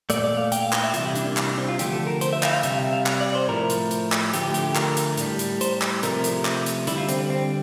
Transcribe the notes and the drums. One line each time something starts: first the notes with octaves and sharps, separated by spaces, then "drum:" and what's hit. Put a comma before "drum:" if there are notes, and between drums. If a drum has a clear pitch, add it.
A#2 A3 D5, drum: hi-hat
D5
F5
G5, drum: hi-hat
F5
G5, drum: clap
E5
C3 E3 G3 F4, drum: hi-hat
E4
D4, drum: hi-hat
A#3
drum: clap
D4
C4
F4
D3 F3 A3 G4, drum: hi-hat
A4
A#4
C5, drum: hi-hat
E5
F5, drum: clap
F5
C3 G3 E5, drum: hi-hat
E5
F5
drum: clap
D5
C5
A2 F3 A3 A#4
drum: hi-hat
drum: hi-hat
drum: clap
D3 F3 A3 G4, drum: hi-hat
G4
G4, drum: hi-hat
G4
A#4, drum: clap
drum: hi-hat
A2 G3, drum: hi-hat
drum: hi-hat
C5, drum: hi-hat
drum: clap
C3 F3 A3 A#4, drum: hi-hat
drum: hi-hat
drum: clap
drum: hi-hat
D3 G3 E4, drum: hi-hat
F4
C4, drum: hi-hat
C4